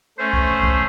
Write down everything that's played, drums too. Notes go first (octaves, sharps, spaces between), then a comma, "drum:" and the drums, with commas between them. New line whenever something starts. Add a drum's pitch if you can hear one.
A3 C#4 C5
drum: kick
drum: kick